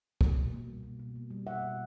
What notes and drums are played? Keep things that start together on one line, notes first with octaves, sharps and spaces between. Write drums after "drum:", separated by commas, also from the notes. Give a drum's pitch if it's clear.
B2, drum: kick
B2
A#3
G3
B2
B2
A#3
G3
B2 E5 F#5
B2